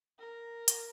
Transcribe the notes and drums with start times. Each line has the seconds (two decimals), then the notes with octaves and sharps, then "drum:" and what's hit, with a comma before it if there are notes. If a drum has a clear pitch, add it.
0.19 A#4
0.68 drum: hi-hat